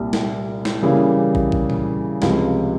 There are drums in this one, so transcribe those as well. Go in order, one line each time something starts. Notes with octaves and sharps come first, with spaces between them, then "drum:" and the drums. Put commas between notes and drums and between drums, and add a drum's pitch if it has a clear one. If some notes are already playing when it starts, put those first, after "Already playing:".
Already playing: C2 A#2 G3
drum: snare
drum: snare
C#3 E3 G3 A#3 E4
drum: kick
drum: kick
drum: tom A#2
C#2 C3 F3, drum: snare